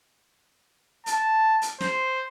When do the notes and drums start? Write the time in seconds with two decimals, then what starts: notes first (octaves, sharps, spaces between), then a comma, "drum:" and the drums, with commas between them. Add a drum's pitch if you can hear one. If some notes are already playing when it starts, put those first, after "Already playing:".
1.06 A5, drum: hi-hat
1.62 drum: hi-hat
1.81 C5, drum: snare